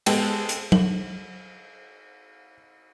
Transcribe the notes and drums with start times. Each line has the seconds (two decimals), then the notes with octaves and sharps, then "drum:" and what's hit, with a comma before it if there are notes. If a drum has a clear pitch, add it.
0.06 G#3 B3 G4 A4 G5, drum: cymbal
0.49 drum: hi-hat
0.72 F#7, drum: tom F#3